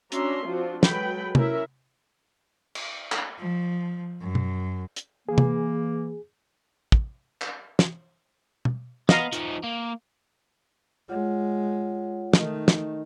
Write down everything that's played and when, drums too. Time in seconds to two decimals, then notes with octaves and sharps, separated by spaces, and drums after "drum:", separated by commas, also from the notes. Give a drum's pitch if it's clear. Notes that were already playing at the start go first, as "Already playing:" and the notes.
0.12 C#4 D4 F#4 E5 A#5 C6, drum: hi-hat
0.46 F3 C4 D4 F4 F#4
0.83 F#3 G#3 A4 B4 G5 B5, drum: snare
1.35 C#4 E4 A#4 E5, drum: tom C3
2.75 drum: cymbal
3.12 drum: clap
3.39 F3
4.21 F#2
4.35 drum: tom
4.96 drum: hi-hat
5.29 E3 A#3 G#4
5.38 drum: tom C3
6.92 drum: kick
7.41 drum: clap
7.79 drum: snare
8.65 drum: tom
9.09 B3 D#5 F5 A#5, drum: snare
9.33 F3 D#4, drum: hi-hat
9.63 A#3
11.09 G#3 F4 C#5 F#5
12.33 D#3 A3 D#4 D#5, drum: snare
12.68 drum: snare